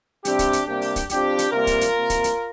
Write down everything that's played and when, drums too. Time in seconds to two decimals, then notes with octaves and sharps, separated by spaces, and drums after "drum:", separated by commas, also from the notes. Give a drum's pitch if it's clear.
0.25 C3 G3 C4 D4 G4, drum: hi-hat
0.39 drum: kick, hi-hat
0.53 drum: hi-hat
0.67 C3 G3 A#3 D4 G4
0.82 drum: open hi-hat
0.96 drum: kick, hi-hat
1.10 F2 F3 C4 D4 G4, drum: hi-hat
1.38 drum: hi-hat
1.52 C3 G3 A#3 F4 A#4
1.67 drum: kick, hi-hat
1.81 drum: hi-hat
1.96 C3 A#3
2.10 drum: kick, hi-hat
2.24 drum: hi-hat